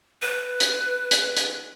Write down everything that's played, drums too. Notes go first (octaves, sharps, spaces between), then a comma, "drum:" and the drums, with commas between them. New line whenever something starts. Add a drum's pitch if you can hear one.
B4
drum: hi-hat
drum: hi-hat
drum: hi-hat